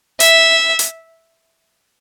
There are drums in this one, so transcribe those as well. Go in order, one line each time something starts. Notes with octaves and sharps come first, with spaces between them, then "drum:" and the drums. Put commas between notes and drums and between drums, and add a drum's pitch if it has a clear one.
E5, drum: hi-hat
drum: hi-hat